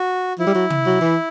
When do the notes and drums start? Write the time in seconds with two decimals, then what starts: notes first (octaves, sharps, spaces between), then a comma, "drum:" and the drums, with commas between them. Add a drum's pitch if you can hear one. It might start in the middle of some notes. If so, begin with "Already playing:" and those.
Already playing: F#4
0.38 F3 E4
0.46 G3
0.55 F#3
0.70 drum: tom
0.86 F#3
1.01 E3